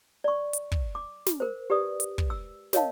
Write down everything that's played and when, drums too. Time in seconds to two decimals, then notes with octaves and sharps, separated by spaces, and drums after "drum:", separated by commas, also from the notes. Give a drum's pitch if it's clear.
0.24 D5 C#6
0.53 drum: hi-hat
0.72 drum: kick
0.95 D6
1.26 drum: snare
1.40 A#4 C5
1.70 G4 B4 D5 D#6
2.00 drum: hi-hat
2.18 drum: kick
2.30 E6
2.73 A#4 C#5 D#5 F5 A5, drum: snare